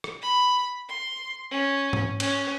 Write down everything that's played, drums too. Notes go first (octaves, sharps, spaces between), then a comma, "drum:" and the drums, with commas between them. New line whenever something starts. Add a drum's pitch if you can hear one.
drum: rim click
B5
C6
C#4
drum: tom G#2
C#4, drum: cymbal